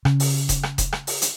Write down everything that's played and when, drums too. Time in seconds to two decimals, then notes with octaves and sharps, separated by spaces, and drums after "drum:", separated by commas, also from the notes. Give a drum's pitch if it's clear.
0.05 C#3, drum: rim click
0.20 drum: open hi-hat
0.49 drum: kick E1, hi-hat
0.63 drum: rim click
0.78 drum: kick E1, hi-hat
0.93 drum: rim click
1.07 drum: open hi-hat
1.22 drum: hi-hat